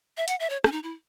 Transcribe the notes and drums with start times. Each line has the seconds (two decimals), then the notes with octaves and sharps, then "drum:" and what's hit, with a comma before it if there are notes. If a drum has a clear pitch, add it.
0.17 E5
0.28 F#5, drum: hi-hat
0.40 E5
0.50 C#5
0.64 C#4, drum: rim click
0.72 D#4
0.83 E4